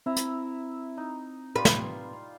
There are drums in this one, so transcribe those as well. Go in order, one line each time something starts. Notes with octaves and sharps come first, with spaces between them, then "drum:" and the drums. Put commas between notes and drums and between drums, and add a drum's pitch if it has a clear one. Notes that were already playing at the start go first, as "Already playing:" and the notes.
C4 E4 E5 A#5
drum: hi-hat
D#4
G3 F4 B4
drum: snare